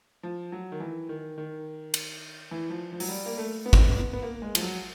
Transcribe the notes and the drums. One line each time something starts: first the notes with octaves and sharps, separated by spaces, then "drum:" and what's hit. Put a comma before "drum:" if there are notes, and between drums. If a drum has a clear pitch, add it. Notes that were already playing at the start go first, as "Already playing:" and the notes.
F3
F#3
D#3
E3
D#3
D#3
drum: cymbal
E3
F3
F3
F#3, drum: open hi-hat
G3
A#3
A3
B3
C4, drum: kick G#1
B3
B3
A#3
G#3
F3, drum: cymbal
F#3